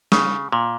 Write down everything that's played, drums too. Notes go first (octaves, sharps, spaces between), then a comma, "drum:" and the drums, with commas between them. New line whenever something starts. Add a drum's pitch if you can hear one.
C#3, drum: snare
A#2